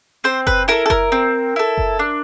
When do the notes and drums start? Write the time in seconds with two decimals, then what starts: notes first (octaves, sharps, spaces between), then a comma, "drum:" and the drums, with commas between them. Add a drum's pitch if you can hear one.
0.24 C4 C5
0.47 B4, drum: kick F#1
0.68 E4 A4 A#4
0.86 A4
0.90 A#4, drum: kick F#1
1.12 C4
1.56 E4 A4
1.78 drum: kick F#1
1.99 D4